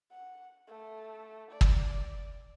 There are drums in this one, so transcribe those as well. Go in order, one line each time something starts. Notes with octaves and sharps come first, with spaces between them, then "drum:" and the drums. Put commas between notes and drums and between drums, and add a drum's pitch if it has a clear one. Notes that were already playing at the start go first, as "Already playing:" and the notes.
F#5
A3
D5
drum: kick